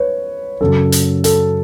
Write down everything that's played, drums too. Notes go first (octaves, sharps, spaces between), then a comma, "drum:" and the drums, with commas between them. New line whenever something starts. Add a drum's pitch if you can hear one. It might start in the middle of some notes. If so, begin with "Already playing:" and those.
Already playing: B4 C#5
F#2 C#3 F#3 A4
drum: hi-hat
A4, drum: hi-hat